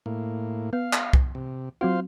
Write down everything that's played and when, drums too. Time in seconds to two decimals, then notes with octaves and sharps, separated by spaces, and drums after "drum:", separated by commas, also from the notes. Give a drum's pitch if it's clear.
0.06 A2 A#3
0.73 B3 F5
0.93 drum: clap
1.13 drum: kick C2
1.35 C3
1.81 F#3 C4 F4 F#4 C5 F5